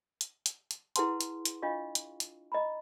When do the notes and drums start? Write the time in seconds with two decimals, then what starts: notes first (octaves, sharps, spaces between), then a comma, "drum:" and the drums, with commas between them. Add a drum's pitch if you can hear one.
0.21 drum: hi-hat
0.46 drum: hi-hat
0.71 drum: hi-hat
0.96 E4 G#4 B4 F#5 A5 C6, drum: hi-hat
1.21 drum: hi-hat
1.45 drum: hi-hat
1.62 D4 F4 D#5 F5 C#6
1.95 drum: hi-hat
2.20 drum: hi-hat
2.52 D#5 A#5 B5